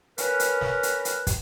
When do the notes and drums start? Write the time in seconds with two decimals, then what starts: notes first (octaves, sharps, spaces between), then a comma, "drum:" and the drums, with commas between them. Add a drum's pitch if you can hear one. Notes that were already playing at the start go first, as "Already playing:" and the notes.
0.18 C#4 A#4 B4, drum: hi-hat
0.40 drum: hi-hat
0.61 drum: snare
0.83 drum: hi-hat
1.05 drum: hi-hat
1.27 drum: kick, hi-hat